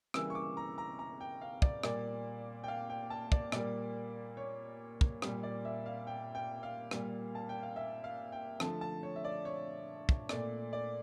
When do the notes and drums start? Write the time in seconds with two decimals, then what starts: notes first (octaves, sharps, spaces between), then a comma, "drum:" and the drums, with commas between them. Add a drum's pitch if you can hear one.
0.14 C#3 E3 G3 A#3 E6, drum: rim click
0.30 C#6
0.35 D6
0.57 A#5
0.78 A#5
0.99 A#5
1.21 G5
1.41 F5
1.62 D5, drum: kick
1.83 A#2 G3 A#3 D5, drum: rim click
2.64 G5
2.68 F5
2.90 G5
3.10 A5
3.32 D5, drum: kick
3.52 A#2 G3 A#3 D5, drum: rim click
4.37 C#5
5.01 drum: kick
5.22 A#2 G3 A#3, drum: rim click
5.43 D5
5.65 E5
5.86 F5
6.07 G5
6.35 G5
6.63 F5
6.91 A#2 G3 A#3, drum: rim click
7.35 A5
7.49 G5
7.63 F5
7.76 E5
8.04 F5
8.32 G5
8.60 D3 F3 A3 A5, drum: rim click
8.81 A5
9.03 C#5
9.16 E5
9.24 D5
9.45 C#5
10.09 drum: kick
10.29 A#2 A3 D5, drum: rim click
10.73 D5